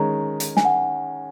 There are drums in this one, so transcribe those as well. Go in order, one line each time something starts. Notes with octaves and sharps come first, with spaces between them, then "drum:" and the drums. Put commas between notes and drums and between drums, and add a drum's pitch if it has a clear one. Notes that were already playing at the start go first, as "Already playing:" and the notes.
Already playing: D#3 G#3 C#4 G#4 A#5
drum: hi-hat
G#5, drum: snare
F#5